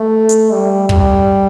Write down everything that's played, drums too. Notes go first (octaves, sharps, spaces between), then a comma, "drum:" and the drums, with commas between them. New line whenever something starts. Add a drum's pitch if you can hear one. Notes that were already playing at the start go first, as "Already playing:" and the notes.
Already playing: A3
drum: hi-hat
G3
G3, drum: kick